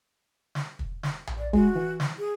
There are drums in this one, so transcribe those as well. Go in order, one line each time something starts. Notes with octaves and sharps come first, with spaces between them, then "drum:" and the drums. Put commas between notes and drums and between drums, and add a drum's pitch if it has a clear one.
drum: snare
drum: kick
drum: snare
drum: tom A#1
D5
G#3 F#4, drum: kick
E3
drum: snare
G#4